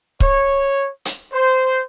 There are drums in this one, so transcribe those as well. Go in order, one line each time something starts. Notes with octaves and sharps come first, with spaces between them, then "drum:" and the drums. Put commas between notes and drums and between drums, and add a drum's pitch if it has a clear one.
C#5, drum: kick C#1
drum: hi-hat
C5